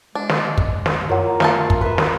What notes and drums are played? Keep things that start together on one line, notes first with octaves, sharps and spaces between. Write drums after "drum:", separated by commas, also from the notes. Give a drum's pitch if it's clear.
G#3 D4
drum: snare
drum: kick
drum: snare
F#2 A#3 F4 C#5 F#5
A3 F5 A5, drum: snare
drum: kick
B4 E5
drum: snare